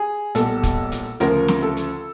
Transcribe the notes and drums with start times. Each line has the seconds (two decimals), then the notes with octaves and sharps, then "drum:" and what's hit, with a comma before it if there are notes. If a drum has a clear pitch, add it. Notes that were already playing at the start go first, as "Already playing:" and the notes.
Already playing: G#4
0.35 B1 A#2 G3 A4, drum: hi-hat
0.63 drum: kick, hi-hat
0.92 drum: hi-hat
1.20 D2 C#3 F3 A#4, drum: hi-hat
1.48 drum: snare
1.62 A4
1.77 drum: hi-hat